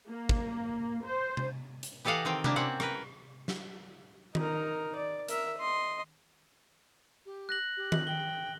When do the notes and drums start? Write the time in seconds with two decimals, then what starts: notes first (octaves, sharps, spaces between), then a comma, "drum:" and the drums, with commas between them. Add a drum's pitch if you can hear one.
0.10 A#3
0.29 drum: kick
1.06 C5
1.37 drum: tom C3
1.83 drum: hi-hat
2.05 E3 G4 A4 D#5 F5 F#5
2.25 D#3 C4 F5 G5
2.44 A#3 D4 E4 G4, drum: tom C3
2.56 C4 C#4 F#5
2.80 A#4 B4, drum: rim click
3.48 drum: snare
4.35 D#4 A#4, drum: tom D#3
4.95 D5
5.28 A#4 E5, drum: hi-hat
5.59 D#5 C6
7.25 G4
7.49 F#6 A#6 F#7
7.77 G4
7.92 F#7, drum: tom D#3
8.07 G5 G7